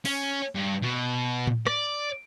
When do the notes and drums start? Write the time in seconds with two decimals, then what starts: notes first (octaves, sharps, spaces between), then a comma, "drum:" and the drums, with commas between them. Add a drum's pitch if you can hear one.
0.05 C#4, drum: open hi-hat
0.55 G2
0.82 B2
1.47 drum: tom A2
1.67 D5, drum: rim click